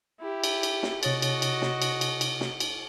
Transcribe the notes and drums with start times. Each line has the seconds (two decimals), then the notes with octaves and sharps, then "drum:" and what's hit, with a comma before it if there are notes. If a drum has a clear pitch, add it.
0.20 E4 G4
0.44 drum: cymbal
0.63 drum: cymbal
0.83 drum: snare
1.03 C3 F#4 C#5 D#5 A6, drum: cymbal
1.22 drum: cymbal
1.42 drum: cymbal
1.62 drum: snare
1.82 drum: cymbal
2.01 drum: cymbal
2.21 drum: cymbal
2.41 drum: snare
2.60 drum: cymbal